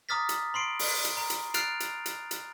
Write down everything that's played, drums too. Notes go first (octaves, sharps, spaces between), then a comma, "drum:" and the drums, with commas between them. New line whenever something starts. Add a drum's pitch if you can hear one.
A#5 D6 D#6 F6 A6 B6
drum: hi-hat
B5 C6 C7 D7
drum: open hi-hat
drum: hi-hat
A#5
drum: hi-hat
F6 F#6 A6 C7 D7 F7, drum: hi-hat
drum: hi-hat
drum: hi-hat
drum: hi-hat